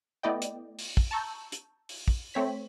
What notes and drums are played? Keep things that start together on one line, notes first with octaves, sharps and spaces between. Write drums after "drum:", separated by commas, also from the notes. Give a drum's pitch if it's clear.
A3 B3 E4 D5 D#5 G5
drum: hi-hat
drum: open hi-hat
drum: kick
A5 A#5 C#6 E6 G6
drum: hi-hat
drum: open hi-hat
drum: kick
A3 C4 C#5 B6